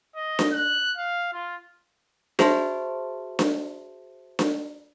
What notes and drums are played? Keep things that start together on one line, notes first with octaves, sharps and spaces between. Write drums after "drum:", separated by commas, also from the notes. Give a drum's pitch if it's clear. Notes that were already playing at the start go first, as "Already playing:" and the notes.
D#5
drum: snare D4
F#6
F5
F4
F#4 G#4 C5 E5 A5 C6, drum: snare D4
drum: snare D4
drum: snare D4